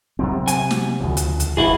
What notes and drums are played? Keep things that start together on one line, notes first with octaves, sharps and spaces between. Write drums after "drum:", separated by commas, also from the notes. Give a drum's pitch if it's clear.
C3 F#3 C4
G#5, drum: hi-hat
drum: snare
D2 C#3 F3
drum: hi-hat
drum: hi-hat
F1 D#2 A2 E4 G#4